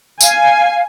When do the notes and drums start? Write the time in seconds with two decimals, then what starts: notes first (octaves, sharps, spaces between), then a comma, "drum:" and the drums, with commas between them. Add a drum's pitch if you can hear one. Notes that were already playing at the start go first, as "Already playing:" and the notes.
0.21 F5 G#5, drum: tambourine